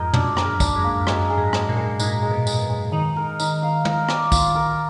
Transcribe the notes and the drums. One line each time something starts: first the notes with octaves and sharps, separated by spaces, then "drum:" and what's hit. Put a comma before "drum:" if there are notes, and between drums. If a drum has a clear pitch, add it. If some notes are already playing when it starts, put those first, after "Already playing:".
Already playing: F2 G#2 A#4 D#5
F#2 D4, drum: tom
A#4, drum: rim click
G#2
D4, drum: kick, tambourine
G#2
A#3
F#2 G#3, drum: rim click
G#4
G#2
G#3, drum: rim click
A#2
G#3
G#2 D#4, drum: tambourine
G#3
B2
G#3, drum: tambourine
G#3
D#3 D#4
A#4
D#4, drum: tambourine
F5
A#4, drum: tom
D5, drum: rim click
F4, drum: kick, tambourine
A#4